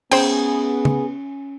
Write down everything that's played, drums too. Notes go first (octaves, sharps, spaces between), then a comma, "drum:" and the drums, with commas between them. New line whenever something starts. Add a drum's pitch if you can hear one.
B3 C#4 G#4 C5 G5, drum: cymbal
drum: tom C#3